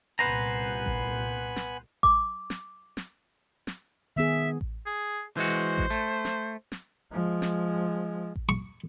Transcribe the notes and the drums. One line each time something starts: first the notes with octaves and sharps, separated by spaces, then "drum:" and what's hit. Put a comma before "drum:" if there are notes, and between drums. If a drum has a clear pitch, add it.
C2 A#2 B3 B4 C5 G#5 A#5 B5
drum: kick A1
drum: snare
D6, drum: kick A1
drum: snare
drum: snare
drum: snare
D#3 B3 G#4 E5
drum: kick A1
G#4
E3 G#3 F#4 C5
drum: kick A1
A3
drum: snare
drum: snare
F3 G#3
drum: snare
drum: kick A1
C#6